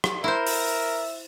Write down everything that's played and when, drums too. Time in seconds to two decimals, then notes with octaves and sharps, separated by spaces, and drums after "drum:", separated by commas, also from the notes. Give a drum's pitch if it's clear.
0.04 drum: rim click
0.24 E4 A#4 C5 E5
0.47 drum: open hi-hat